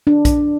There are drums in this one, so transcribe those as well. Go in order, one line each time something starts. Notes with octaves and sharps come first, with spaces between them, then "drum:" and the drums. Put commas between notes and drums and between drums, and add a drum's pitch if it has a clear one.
D4
drum: kick, hi-hat